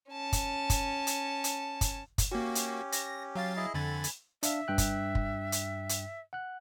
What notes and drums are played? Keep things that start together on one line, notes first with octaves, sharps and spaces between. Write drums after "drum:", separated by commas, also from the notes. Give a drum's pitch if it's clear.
C#4 A5
drum: kick, hi-hat
drum: kick, hi-hat
drum: hi-hat
drum: hi-hat
drum: kick, hi-hat
drum: kick, hi-hat
A#3 C#4 F#4 G4
drum: hi-hat
A#6, drum: hi-hat
F#3 F5 A6
E4 G#4 D#5
F2 D3 G#5 B5 A6
drum: hi-hat
D4 E5 F5, drum: hi-hat
G2 G5 F#6
drum: kick, hi-hat
drum: kick
drum: hi-hat
drum: hi-hat
F#5 F#6